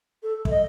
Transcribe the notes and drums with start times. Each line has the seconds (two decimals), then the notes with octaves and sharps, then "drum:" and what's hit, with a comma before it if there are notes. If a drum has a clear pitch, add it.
0.23 A4
0.45 E5, drum: kick
0.50 D#5